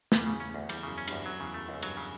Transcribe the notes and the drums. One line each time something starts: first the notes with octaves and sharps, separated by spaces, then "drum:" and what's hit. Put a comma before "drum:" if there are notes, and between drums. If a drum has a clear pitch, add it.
E2 G3, drum: snare
C#3
C#4
D2
E2 G3, drum: cymbal
F#2 C#3
C#4
D2 G2, drum: cymbal
F#2 F#3
E2 C#3
F#2 A3
C#2 F#2
G2 F#3, drum: cymbal
C#3